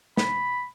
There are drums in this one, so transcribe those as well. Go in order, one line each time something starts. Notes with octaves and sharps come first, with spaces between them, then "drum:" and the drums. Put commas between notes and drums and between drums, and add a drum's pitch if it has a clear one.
B5, drum: snare